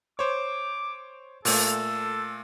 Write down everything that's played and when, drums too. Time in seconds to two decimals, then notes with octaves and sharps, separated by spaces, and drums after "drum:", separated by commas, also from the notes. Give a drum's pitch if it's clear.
0.19 C5 C#5 D6
1.45 A#2 A3 A4, drum: open hi-hat